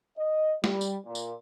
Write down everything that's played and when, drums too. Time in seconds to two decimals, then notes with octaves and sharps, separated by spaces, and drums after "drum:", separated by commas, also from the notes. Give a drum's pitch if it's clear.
0.17 D#5
0.64 G3, drum: snare
0.81 drum: tambourine
1.06 A#2
1.15 drum: tambourine